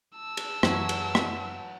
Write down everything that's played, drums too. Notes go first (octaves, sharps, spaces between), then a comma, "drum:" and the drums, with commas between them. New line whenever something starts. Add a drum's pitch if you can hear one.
A5 E6
drum: cymbal
F#2 E3 F#3 F#4, drum: rim click
drum: cymbal
drum: rim click